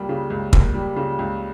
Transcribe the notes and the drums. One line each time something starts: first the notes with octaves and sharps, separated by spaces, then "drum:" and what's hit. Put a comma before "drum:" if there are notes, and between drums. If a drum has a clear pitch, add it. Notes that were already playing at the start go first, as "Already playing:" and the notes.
Already playing: C#2 G3 A#3
C#3
C#2
A#3, drum: kick
G3
C#3
C#2